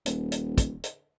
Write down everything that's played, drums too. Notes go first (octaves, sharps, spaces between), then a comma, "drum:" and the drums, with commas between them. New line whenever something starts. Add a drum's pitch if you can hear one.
D#1, drum: hi-hat
drum: hi-hat
drum: kick, hi-hat
drum: hi-hat